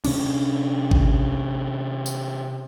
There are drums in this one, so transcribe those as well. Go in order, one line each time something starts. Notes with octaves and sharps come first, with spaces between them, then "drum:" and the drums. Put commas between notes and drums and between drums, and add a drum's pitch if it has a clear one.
C3 C#4 D4, drum: cymbal
drum: kick A1
drum: tambourine